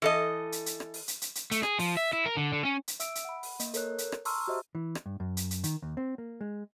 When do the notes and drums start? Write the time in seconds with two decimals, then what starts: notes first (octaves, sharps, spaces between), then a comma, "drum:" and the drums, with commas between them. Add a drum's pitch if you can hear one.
0.02 E3 A4 D#5
0.52 drum: hi-hat
0.66 drum: hi-hat
0.80 drum: rim click
0.94 drum: open hi-hat
1.08 drum: hi-hat
1.22 drum: hi-hat
1.35 drum: hi-hat
1.51 A3, drum: hi-hat
1.63 G#4, drum: rim click
1.79 F3, drum: open hi-hat
1.97 E5
2.13 E4
2.26 A#4
2.37 D3
2.53 D3
2.65 C#4
2.88 drum: hi-hat
3.00 E5 E6 D7, drum: hi-hat
3.15 drum: hi-hat
3.25 F#5 B5
3.43 drum: open hi-hat
3.60 A#3 D#5, drum: hi-hat
3.74 A4 A#4 C#5 F#6, drum: hi-hat
3.98 drum: hi-hat
4.12 drum: rim click
4.25 A5 A#5 C6 C#6 E6 F6, drum: open hi-hat
4.47 F#4 G4 C5 D#5 E5
4.75 E3
4.95 drum: rim click
5.06 G2
5.20 F#2
5.37 drum: hi-hat
5.51 drum: hi-hat
5.64 D#3, drum: hi-hat
5.82 D#2
5.97 C4
6.18 A#3
6.41 G#3